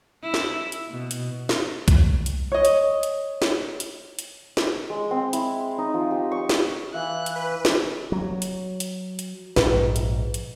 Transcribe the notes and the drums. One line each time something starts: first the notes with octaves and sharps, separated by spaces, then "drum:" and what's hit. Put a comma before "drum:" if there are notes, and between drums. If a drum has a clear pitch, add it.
E4
drum: snare
drum: hi-hat
B2
drum: hi-hat
drum: snare
drum: kick B1, hi-hat
drum: hi-hat
C#5 D#5
drum: hi-hat
drum: hi-hat
drum: snare
drum: hi-hat
drum: hi-hat
drum: snare
G#3
C4
E4, drum: hi-hat
D#4
F3
G4
C#6
drum: snare
E3 E5 F5 F#6
drum: hi-hat
B4
drum: snare
F#3
drum: hi-hat
drum: hi-hat
drum: hi-hat
A#1 G#2 B4, drum: snare
drum: hi-hat
drum: hi-hat